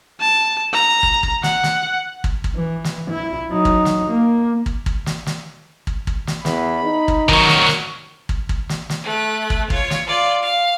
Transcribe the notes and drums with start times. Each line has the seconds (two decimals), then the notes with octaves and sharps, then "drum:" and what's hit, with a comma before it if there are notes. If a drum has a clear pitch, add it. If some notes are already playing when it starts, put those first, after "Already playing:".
0.21 A5
0.73 A#5
1.03 drum: kick
1.23 drum: kick
1.43 F#5, drum: snare
1.63 drum: snare
2.24 drum: kick
2.44 drum: kick
2.55 E3
2.84 drum: snare
3.10 E4
3.51 F#3 D#4
3.65 drum: kick
3.85 drum: snare
4.10 A#3
4.66 drum: kick
4.86 drum: kick
5.06 drum: snare
5.27 drum: snare
5.87 drum: kick
6.07 drum: kick
6.27 drum: snare
6.45 E2 B5, drum: snare
6.85 D#4
7.08 drum: kick
7.29 D#3 F#3 A#4 C#6, drum: kick
7.48 drum: snare
7.69 drum: snare
8.29 drum: kick
8.49 drum: kick
8.69 drum: snare
8.90 drum: snare
9.04 A3 F#6
9.50 drum: kick
9.70 F4 C#5, drum: kick
9.90 drum: snare
10.07 F4 D5
10.42 F5